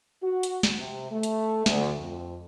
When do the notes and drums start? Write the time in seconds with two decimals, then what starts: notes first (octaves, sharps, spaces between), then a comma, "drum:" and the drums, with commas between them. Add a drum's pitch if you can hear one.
0.23 F#4
0.43 drum: hi-hat
0.63 drum: snare
0.77 C3
1.11 A3
1.23 drum: hi-hat
1.66 D2, drum: snare
2.00 F2